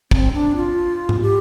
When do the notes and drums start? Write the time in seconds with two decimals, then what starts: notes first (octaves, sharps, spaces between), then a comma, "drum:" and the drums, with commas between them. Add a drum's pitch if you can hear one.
0.11 C4, drum: kick
0.33 D4
0.56 F4
1.09 drum: tom G#2
1.21 G4